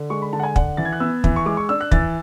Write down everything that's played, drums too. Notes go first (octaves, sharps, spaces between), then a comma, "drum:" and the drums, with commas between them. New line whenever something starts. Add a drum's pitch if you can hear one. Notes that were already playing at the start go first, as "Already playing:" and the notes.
Already playing: D3
G#3 C#6
B5
D3 A5
F#5
G#5
D4 F#5, drum: kick
E3 A6
G#6
F#6
B3 E6
E3, drum: kick
C#6
G#3 D6
C#6
D4 E6
F#6
E3 A6, drum: kick